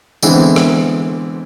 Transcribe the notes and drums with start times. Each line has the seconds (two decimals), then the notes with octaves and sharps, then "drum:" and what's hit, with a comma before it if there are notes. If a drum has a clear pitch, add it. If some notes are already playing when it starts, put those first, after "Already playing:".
0.23 D3 E3 G#3 B3 C4, drum: tambourine
0.56 drum: rim click